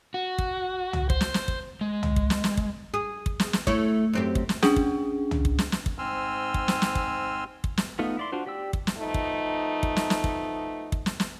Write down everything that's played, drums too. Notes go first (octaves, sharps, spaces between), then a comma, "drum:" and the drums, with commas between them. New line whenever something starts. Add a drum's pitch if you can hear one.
F#4
drum: kick
drum: tom
C5, drum: kick
drum: snare
drum: snare
drum: kick
G#3
drum: tom
drum: kick
drum: snare
drum: snare
drum: kick
G#4
drum: kick
drum: snare
drum: snare
A3 E4 C#5, drum: kick
F#2 C4 G4
drum: kick
drum: snare
C#4 D4 G#4, drum: snare
drum: kick
drum: tom
drum: kick
drum: snare
drum: snare
drum: kick
G#2 C4 G#5 C6 E6 F6
drum: kick
drum: snare
drum: snare
drum: kick
drum: kick
drum: snare
A3 B3 D#4 F4
E4 D5 C6
D4 F4 F#4 C5
G4 D5 G5 E6
drum: kick
drum: snare
F3 A3 B3 D#4
drum: kick
drum: kick
drum: snare
drum: snare
drum: kick
drum: kick
drum: snare
drum: snare